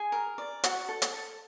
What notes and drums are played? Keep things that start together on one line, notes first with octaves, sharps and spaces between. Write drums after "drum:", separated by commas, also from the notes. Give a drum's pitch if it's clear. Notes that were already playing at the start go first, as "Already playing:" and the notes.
Already playing: G#4 G#5
A#4
D5
F#4, drum: hi-hat
A4
drum: hi-hat
A4